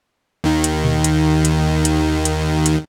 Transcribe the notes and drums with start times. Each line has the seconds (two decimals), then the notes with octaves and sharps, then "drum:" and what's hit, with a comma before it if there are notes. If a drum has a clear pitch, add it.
0.44 D#2 D#3
0.64 drum: hi-hat
0.84 drum: tom A#2
1.04 drum: hi-hat
1.45 drum: hi-hat
1.85 drum: hi-hat
2.25 drum: hi-hat
2.66 drum: hi-hat